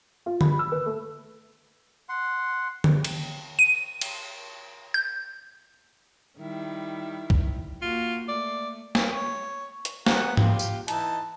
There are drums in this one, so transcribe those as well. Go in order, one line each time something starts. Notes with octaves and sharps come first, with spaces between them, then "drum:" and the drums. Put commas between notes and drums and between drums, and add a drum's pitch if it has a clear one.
F4
B5, drum: tom D3
E6
B4
A3
F#5 C6
drum: tom D3
drum: cymbal
D#7
drum: cymbal
G6
D#3 G3 E4
drum: kick B1
A#3 F4 F#4
A3 A#3 D5
drum: snare
C#5
drum: hi-hat
B3 A#4 F#5, drum: snare
F4 G4, drum: tom G#2
drum: tambourine
E3 D#4 A5, drum: hi-hat